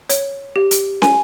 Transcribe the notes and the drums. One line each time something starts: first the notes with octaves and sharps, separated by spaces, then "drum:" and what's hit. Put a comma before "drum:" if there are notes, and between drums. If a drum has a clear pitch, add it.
C#5, drum: hi-hat
G4
drum: hi-hat
G#5, drum: snare